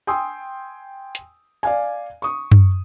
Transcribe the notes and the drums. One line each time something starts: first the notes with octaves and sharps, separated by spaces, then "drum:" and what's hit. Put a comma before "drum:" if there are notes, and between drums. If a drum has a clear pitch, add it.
G5 G#5 C6 D#6 E6
drum: hi-hat
D5 F5 G#5
C#6 D#6
drum: tom F#2